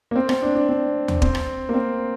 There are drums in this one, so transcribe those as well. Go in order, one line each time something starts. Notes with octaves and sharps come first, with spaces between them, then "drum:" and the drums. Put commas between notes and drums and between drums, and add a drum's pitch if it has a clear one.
A#3
C4
C4, drum: rim click
D4
D4
C4
drum: tom D#2
C4, drum: kick
drum: rim click
A#3
C4